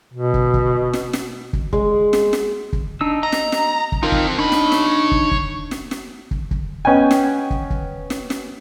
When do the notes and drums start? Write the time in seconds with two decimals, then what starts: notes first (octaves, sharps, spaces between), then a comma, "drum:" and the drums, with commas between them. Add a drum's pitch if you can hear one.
0.14 B2
0.34 drum: kick
0.54 drum: kick
0.93 drum: snare
1.13 drum: snare
1.53 drum: kick
1.73 G#3, drum: kick
2.13 drum: snare
2.33 drum: snare
2.73 drum: kick
3.01 D4 D#4 E6
3.23 D#5 A#5
3.32 drum: snare
3.52 drum: snare
3.92 drum: kick
4.03 F3 C4 D#4 F4 A#4
4.12 drum: kick
4.39 D4 D#4 C#5 B5
4.52 drum: snare
4.72 drum: snare
5.12 drum: kick
5.31 drum: kick
5.71 drum: snare
5.91 drum: snare
6.31 drum: kick
6.51 drum: kick
6.85 B3 C#4 D#5 G5 G#5
7.11 drum: snare
7.50 drum: kick
7.70 drum: kick
8.10 drum: snare
8.30 drum: snare